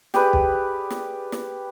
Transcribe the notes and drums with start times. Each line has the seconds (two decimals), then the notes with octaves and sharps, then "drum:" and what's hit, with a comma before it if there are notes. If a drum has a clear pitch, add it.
0.14 G4 G#4 B4 D5, drum: snare
0.33 drum: kick
0.90 drum: snare
1.32 drum: snare